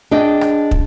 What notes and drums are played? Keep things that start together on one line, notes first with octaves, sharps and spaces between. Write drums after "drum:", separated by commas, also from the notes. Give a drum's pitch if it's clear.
D4 G#4 D#5 G5
drum: rim click
drum: kick